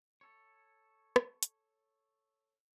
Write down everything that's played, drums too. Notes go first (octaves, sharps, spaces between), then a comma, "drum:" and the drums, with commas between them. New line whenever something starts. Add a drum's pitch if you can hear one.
A4 C#5
drum: rim click
drum: hi-hat